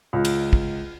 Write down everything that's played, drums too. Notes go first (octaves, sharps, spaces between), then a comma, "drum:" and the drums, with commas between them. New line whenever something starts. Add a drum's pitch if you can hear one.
C#2
drum: cymbal
drum: kick